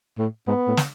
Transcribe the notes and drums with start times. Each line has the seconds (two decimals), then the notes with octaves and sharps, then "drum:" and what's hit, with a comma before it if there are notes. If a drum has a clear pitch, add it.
0.18 A2
0.47 G#2 B3
0.68 A2
0.77 drum: snare